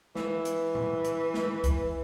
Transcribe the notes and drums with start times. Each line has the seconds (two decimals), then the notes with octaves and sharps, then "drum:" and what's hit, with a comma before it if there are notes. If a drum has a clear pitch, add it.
0.15 E3, drum: snare
0.45 drum: hi-hat
0.75 drum: tom A2
1.05 drum: hi-hat
1.34 drum: snare
1.64 drum: kick C2, hi-hat